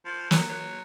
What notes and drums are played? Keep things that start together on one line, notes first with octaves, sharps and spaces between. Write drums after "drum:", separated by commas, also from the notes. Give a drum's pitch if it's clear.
F3
F#3, drum: snare
F#3